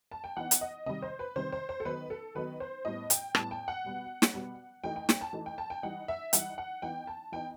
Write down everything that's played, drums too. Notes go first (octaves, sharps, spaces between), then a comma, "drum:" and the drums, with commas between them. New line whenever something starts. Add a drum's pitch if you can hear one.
A5
G5
E3 B3 D#4 F#5
drum: hi-hat
D#5
C3 D#3 G3 D#5
C5
B4
C3 D#3 G3 C5
C5
C5
A4
D#3 F#3 B3 D#4 B4
A4
D#3 F#3 B3 D#4 B4
C5
A2 G3 B3 D#5
G5, drum: hi-hat
A2 G3 B3 A5, drum: rim click
G5
F#5
B2 G3 B3
drum: snare
B2 G3 B3
E3 A3 D#4 G5
G5
G5, drum: snare
A5
E3 A3 D#4
G5
A5
G5
E3 G3 D#4 F#5
E5
E3 G3 D#4 F#5, drum: hi-hat
F#5
E3 B3 D#4 G5
A5
E3 B3 D#4 G5